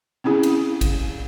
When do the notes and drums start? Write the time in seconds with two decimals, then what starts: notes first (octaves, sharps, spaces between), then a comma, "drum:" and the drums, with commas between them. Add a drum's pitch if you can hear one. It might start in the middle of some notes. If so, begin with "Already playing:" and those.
0.24 C4 C#4 E4 G#4
0.43 drum: cymbal
0.81 drum: kick A1, cymbal